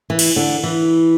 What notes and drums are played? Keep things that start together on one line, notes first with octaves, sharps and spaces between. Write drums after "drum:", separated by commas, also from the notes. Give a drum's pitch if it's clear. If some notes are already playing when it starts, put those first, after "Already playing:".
E3
drum: cymbal
D3
E3